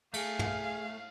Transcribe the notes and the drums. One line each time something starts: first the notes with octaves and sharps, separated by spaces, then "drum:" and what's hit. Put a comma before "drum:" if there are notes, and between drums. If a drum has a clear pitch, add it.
A3 G#4 F5, drum: cymbal
drum: tom